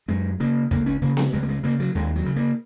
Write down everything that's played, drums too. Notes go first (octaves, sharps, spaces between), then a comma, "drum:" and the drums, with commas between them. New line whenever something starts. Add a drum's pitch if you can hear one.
F#2 G#3
C#3 A#3
C#2 A#3, drum: kick
C#4
C#3 A#3
G#3, drum: snare B3
C#2 G#3
A#3
G#3
C#3 A#3
F#3
D#2 G#3
F#3
C#3
A#3